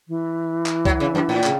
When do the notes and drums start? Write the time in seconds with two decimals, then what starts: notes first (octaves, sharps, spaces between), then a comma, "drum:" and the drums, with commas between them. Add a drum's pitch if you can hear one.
0.08 E3
0.66 drum: clap
0.85 F#3, drum: kick C2
1.00 C#3
1.15 F#2
1.29 A2
1.44 C#3, drum: clap